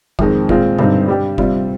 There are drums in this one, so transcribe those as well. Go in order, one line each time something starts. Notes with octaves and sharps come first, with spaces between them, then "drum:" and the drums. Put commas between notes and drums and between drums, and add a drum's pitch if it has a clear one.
F2 D#3 G#3 C4, drum: kick F1
A#2 G#3 C4 F4, drum: kick F1
G2 D3 G3 C4 D#4, drum: tom B2
G3 D4 G4
C3 G3 C4 F4, drum: kick F1